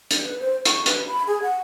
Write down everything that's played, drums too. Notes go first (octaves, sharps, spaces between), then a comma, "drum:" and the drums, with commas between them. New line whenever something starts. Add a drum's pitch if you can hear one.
drum: hi-hat
B4
C5
C#6, drum: hi-hat
B4, drum: hi-hat
B5
G#4
F#5